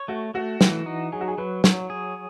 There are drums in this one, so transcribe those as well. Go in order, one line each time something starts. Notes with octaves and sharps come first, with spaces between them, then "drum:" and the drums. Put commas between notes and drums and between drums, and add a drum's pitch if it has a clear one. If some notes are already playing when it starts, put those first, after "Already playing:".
Already playing: C#5
A3 F#4
A3 F#4
E3, drum: snare
D#4
F#3 G#4
F#4
G#4
F#3 B4
F#3 C#5, drum: snare
G#4